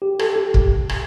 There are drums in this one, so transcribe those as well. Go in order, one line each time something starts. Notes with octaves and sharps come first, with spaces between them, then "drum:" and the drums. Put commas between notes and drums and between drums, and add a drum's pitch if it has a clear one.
G4
A4, drum: rim click
G4
drum: kick
drum: rim click